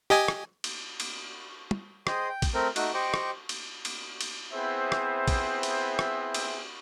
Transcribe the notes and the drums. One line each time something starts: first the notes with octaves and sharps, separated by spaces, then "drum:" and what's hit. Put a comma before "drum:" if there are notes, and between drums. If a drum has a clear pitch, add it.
G4 D#5 G#5
drum: rim click
drum: cymbal
drum: cymbal
drum: tom
G#4 C5 D#5 G5, drum: rim click
G5
drum: kick, cymbal
A3 C4 A#4
A3 D#4 F#4 F#6, drum: cymbal
G4 C5 D#5 G5 C#6 D6
drum: rim click
drum: cymbal
drum: cymbal
drum: cymbal
B3 C4 E4 G#4 C5 E5
drum: rim click
drum: kick, cymbal
drum: cymbal
drum: rim click
drum: cymbal